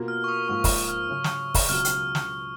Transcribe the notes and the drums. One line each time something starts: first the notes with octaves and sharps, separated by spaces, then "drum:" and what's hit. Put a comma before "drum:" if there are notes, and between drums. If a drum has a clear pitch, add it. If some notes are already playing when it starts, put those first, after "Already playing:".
Already playing: B2 A#3 F4 A#4
F6
C#6
D#6
G#2 F3 A#3 C#6
drum: kick, open hi-hat
F6
C#3 F#3 C#4
drum: snare
drum: kick, open hi-hat
C#2 B2 F#3 F6
drum: hi-hat
drum: snare